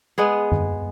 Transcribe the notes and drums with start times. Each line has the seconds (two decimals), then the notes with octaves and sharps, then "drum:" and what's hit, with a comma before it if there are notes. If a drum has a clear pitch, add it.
0.18 G#3 B3 G#4
0.52 drum: tom F#2